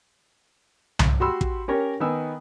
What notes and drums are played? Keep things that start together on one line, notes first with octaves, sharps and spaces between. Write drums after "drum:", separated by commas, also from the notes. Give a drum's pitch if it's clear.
drum: tom C2
F#4 G4 B5 C6 E6
drum: kick
C#4 G4 A#4 C#5
D#3 B3 G#5 E6